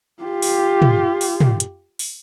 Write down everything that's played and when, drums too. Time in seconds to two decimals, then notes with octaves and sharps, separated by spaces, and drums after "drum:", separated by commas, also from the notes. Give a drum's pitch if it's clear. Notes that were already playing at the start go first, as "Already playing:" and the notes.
0.23 F4 G4
0.42 drum: open hi-hat
0.82 drum: tom
1.21 drum: open hi-hat
1.40 drum: tom
1.60 drum: hi-hat
1.99 drum: open hi-hat